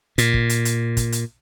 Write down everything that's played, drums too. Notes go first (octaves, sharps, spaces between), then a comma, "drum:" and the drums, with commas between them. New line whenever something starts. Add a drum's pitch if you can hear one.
A#2, drum: hi-hat
drum: kick
drum: hi-hat
drum: hi-hat
drum: kick, hi-hat
drum: hi-hat